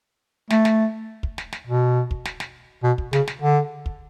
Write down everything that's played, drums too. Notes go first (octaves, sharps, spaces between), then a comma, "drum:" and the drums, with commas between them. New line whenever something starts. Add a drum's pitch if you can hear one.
A3, drum: snare
drum: snare
drum: kick
drum: snare
drum: snare
B2
drum: kick
drum: snare
drum: snare
B2
drum: kick
C#3, drum: snare
drum: snare
D3
drum: kick